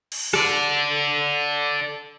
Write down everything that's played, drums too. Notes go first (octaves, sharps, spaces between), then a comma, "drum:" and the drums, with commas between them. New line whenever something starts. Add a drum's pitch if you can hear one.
drum: cymbal
A4 D5, drum: rim click